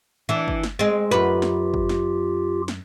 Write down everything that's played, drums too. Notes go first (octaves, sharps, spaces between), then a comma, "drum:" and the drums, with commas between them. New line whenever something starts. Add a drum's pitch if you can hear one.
E3 D4
drum: kick
drum: snare
G#3 C4
F#2 F4 G4 B4
drum: snare
drum: kick
drum: snare
drum: snare